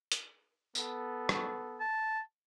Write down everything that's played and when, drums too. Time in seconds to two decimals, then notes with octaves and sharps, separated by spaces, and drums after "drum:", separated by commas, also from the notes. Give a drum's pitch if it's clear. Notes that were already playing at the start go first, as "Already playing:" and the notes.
0.12 drum: hi-hat
0.75 B3 A4, drum: tambourine
1.29 drum: rim click
1.80 A5